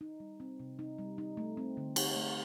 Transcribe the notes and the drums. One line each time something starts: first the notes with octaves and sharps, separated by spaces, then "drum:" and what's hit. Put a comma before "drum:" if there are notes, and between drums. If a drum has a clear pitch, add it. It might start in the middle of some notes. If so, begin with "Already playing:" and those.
D#4
G3
C4
C3
D#4
G3
D#4
A3
C4
D3
D#4, drum: cymbal
A3